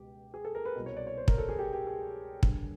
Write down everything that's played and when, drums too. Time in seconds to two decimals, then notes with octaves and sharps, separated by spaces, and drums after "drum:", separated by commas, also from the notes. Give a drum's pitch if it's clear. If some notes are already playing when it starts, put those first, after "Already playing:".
Already playing: C#2 B2 G4
0.34 G#4
0.45 A4
0.55 A#4
0.65 B4
0.75 C2 B2
0.86 C#5
0.97 D5
1.07 C#5
1.17 C5
1.28 A#4, drum: kick
1.38 A4
1.49 G#4
1.59 G4
1.73 G4
1.87 G#4
2.43 G2 D3, drum: kick